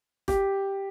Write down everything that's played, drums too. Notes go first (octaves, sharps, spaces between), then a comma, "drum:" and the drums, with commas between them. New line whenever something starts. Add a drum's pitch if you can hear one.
G4, drum: snare